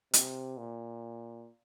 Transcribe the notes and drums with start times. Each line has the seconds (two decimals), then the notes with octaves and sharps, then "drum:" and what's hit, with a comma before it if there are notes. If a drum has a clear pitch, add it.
0.13 C3, drum: hi-hat
0.57 A#2